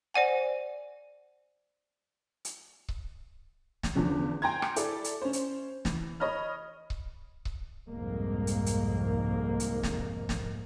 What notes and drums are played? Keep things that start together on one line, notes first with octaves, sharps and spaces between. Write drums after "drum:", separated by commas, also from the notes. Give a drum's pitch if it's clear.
C5 D5 F#5 G#5
drum: hi-hat
drum: kick C#1
drum: snare
E2 D3 F3 C#4
G5 G#5 A#5 C6 G#6
drum: rim click
E4 A4 D5 E5, drum: hi-hat
drum: hi-hat
C#4 C5
drum: hi-hat
E3, drum: snare
C#5 D#5 B5 F6
drum: kick C#1
drum: kick C#1
C2 F2 G#2 A#3
drum: hi-hat
drum: hi-hat
drum: hi-hat
drum: snare
drum: snare